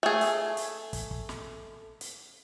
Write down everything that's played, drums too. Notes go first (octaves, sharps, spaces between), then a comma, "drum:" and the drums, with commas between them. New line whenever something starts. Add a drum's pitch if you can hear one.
A3 G#4
drum: hi-hat
drum: hi-hat
drum: kick, hi-hat
drum: kick
drum: snare
drum: hi-hat